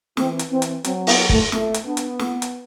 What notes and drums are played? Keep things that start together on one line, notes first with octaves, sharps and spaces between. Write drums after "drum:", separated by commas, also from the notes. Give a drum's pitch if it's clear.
E3 C4, drum: snare
drum: hi-hat
E3 C4
drum: hi-hat
F#3 C4, drum: hi-hat
B3, drum: open hi-hat
A3, drum: kick
A3, drum: snare
drum: hi-hat
B3 D4
drum: hi-hat
drum: snare
drum: hi-hat